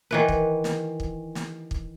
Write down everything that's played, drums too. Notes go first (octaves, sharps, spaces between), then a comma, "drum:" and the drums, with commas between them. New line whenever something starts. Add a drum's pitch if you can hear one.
D#3 E3 B4
drum: kick
drum: snare
drum: kick
drum: snare
drum: kick